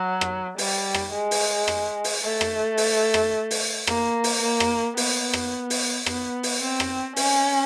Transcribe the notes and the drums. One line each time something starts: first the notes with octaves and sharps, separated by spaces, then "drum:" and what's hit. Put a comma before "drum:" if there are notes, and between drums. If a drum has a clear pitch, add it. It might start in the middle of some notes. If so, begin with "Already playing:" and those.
Already playing: F#3
drum: rim click
G3, drum: open hi-hat
drum: rim click
G#3
drum: open hi-hat
drum: rim click
drum: open hi-hat
A3
drum: rim click
drum: open hi-hat
drum: rim click
drum: open hi-hat
A#3, drum: rim click
drum: open hi-hat
A#3
drum: rim click
B3, drum: open hi-hat
drum: rim click
drum: open hi-hat
B3, drum: rim click
drum: open hi-hat
C4
drum: rim click
C#4, drum: open hi-hat